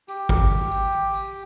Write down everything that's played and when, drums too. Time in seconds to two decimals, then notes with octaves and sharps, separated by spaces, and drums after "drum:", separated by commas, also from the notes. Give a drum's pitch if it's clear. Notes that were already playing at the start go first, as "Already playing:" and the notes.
0.08 G4, drum: tambourine
0.29 drum: kick G#1, tambourine
0.50 drum: tambourine
0.71 drum: tambourine
0.92 drum: tambourine
1.13 drum: tambourine